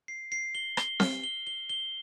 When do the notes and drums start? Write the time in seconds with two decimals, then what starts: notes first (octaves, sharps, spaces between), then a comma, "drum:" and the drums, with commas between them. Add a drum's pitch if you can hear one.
0.08 C7
0.32 C7
0.55 G7
0.77 G7, drum: rim click
1.00 F6, drum: snare C4
1.24 G7
1.47 G7
1.69 G7